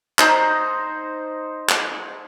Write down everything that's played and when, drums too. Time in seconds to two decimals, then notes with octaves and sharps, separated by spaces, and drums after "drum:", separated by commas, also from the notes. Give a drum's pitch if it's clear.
0.19 D#4 C5 A#5, drum: clap
1.69 drum: clap